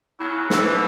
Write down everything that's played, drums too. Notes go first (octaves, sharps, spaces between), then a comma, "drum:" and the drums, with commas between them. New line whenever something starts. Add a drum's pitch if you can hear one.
C#3 F#3 E4
B2 E3 A4, drum: snare
B4